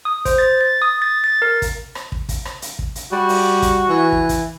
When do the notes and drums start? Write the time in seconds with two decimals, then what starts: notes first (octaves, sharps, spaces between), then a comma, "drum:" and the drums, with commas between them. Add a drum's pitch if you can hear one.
0.05 D#6
0.25 C5, drum: kick, hi-hat
0.38 A6
0.61 A6
0.82 D#6
1.02 A6
1.24 A6
1.42 A#4
1.62 drum: kick, hi-hat
1.95 drum: rim click
2.12 drum: kick
2.29 drum: kick, hi-hat
2.45 drum: rim click
2.62 drum: hi-hat
2.79 drum: kick
2.95 drum: hi-hat
3.12 G3 F#4
3.29 drum: open hi-hat
3.62 drum: kick, hi-hat
3.89 E3
4.12 drum: kick
4.29 drum: kick, hi-hat